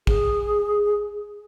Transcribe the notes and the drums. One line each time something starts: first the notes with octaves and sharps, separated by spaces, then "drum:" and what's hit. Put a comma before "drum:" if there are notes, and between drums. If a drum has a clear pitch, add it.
G#4, drum: kick